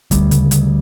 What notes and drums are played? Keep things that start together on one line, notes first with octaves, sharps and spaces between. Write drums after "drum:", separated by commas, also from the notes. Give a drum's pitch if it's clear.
D2 G3, drum: kick, hi-hat
C#3, drum: hi-hat
D2, drum: hi-hat